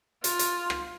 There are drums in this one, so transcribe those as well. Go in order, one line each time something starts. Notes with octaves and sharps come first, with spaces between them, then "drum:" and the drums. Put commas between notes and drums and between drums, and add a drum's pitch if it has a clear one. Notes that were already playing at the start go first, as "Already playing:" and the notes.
F4, drum: hi-hat
drum: hi-hat
drum: rim click